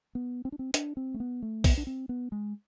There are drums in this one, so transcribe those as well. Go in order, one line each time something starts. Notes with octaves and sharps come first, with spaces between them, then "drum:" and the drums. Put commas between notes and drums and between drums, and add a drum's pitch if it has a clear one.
B3
C4
D4
C4
D4, drum: hi-hat
C4
A3
B3
A3
B3, drum: kick, open hi-hat
D4
C4
B3
G#3